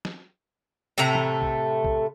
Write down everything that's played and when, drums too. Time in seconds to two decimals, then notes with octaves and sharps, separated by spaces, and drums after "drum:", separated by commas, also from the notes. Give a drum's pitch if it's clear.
0.05 drum: snare
0.98 A2 C3 A3 A#5
1.15 drum: tom
1.42 drum: kick A#1
1.84 drum: kick A#1